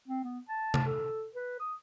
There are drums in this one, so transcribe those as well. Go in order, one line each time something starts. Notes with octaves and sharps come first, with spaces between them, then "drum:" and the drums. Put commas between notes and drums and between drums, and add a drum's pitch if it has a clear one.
C4
B3
A5
drum: tom C3
A4
B4
D#6